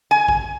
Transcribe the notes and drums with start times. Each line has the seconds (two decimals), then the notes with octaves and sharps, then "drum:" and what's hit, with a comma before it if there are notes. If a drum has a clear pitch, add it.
0.11 G#5
0.28 drum: kick